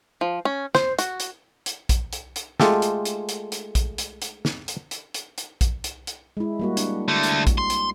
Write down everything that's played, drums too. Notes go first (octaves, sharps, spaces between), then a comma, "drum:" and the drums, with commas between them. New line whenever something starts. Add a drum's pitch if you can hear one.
F3
C#4
C5, drum: snare
F#4, drum: hi-hat
drum: hi-hat
drum: hi-hat
drum: kick A#1, hi-hat
drum: hi-hat
drum: hi-hat
G#3 A3 F4 G4 A4, drum: snare
drum: hi-hat
drum: hi-hat
drum: hi-hat
drum: hi-hat
drum: kick A#1, hi-hat
drum: hi-hat
drum: hi-hat
drum: snare
drum: hi-hat
drum: hi-hat
drum: hi-hat
drum: hi-hat
drum: kick A#1, hi-hat
drum: hi-hat
drum: hi-hat
G#3 E4
G3 A#3 F#4
D4, drum: hi-hat
D3 A3
drum: hi-hat
drum: kick A#1, hi-hat
C6
drum: hi-hat